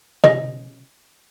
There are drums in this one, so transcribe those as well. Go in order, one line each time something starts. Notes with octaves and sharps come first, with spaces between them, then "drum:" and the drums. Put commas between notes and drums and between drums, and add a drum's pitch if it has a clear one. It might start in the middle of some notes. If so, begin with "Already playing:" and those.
D#5, drum: tom